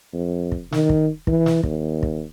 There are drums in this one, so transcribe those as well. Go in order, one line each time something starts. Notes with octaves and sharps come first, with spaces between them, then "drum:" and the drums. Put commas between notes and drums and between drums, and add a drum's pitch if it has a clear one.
F2
drum: kick
D#3, drum: snare
drum: kick
E3, drum: kick
drum: snare
D#2, drum: kick
drum: kick